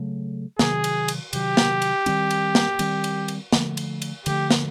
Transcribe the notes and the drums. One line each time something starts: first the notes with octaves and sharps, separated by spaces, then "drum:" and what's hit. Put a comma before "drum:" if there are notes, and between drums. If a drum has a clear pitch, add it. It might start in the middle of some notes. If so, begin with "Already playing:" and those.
Already playing: C#3 F#3 A3
C3 D#3 F#3 G#4, drum: snare
drum: cymbal
drum: cymbal
C3 D#3 F#3 G4, drum: cymbal
drum: snare
drum: cymbal
D#3 G3 C4, drum: cymbal
drum: cymbal
drum: snare
D#3 G3 C4, drum: cymbal
drum: cymbal
drum: cymbal
D3 F3 A3, drum: snare
drum: cymbal
drum: cymbal
D3 F3 A3 G4, drum: cymbal
drum: snare